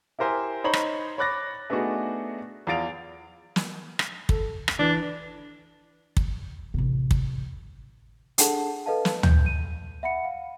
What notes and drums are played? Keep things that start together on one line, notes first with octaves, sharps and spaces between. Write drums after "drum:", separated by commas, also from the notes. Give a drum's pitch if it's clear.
E4 G4 A#4 C5 E5 G#5
D#4 C5 C#5 A#5 B5 F#7
drum: rim click
C#5 B5 D6 F#6 A6 A#6
A3 B3 D4 D#4 F#4 G#4
E2 F3 F5 A6 D7 F7
drum: snare
drum: rim click
A4, drum: kick
drum: rim click
E3 D4
drum: kick
A1 C3
drum: kick
D4 G#4 A4 F#5 A5, drum: hi-hat
A4 B4 D#5 F5 A5
drum: snare
G6, drum: tom
D#7
E5 F#5 B5 C#7
F5